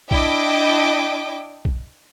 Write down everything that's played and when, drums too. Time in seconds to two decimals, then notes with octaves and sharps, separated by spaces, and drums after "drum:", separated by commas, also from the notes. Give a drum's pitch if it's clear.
0.11 D4 E4 D#5 G5 D6, drum: kick B1
1.65 drum: kick B1